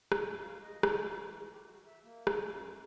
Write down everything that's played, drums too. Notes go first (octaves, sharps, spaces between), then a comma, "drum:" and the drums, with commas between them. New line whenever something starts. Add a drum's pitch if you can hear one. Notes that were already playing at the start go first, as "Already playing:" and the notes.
B2, drum: rim click
G2
F5
D#5
drum: rim click
F5
E3
G4
F#4
E5
A#3
drum: rim click
F#2